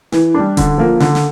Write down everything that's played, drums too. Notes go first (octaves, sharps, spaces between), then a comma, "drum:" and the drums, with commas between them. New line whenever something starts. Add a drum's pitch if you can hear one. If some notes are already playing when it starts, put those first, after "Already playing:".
E3, drum: snare
G3 D4
D3, drum: kick D#1, hi-hat
F3 A#3
D3, drum: snare
drum: snare